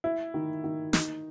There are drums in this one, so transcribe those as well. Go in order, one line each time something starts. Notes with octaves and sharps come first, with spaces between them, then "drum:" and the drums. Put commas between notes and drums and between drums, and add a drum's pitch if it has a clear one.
E4
D#3
D#3
D#4, drum: snare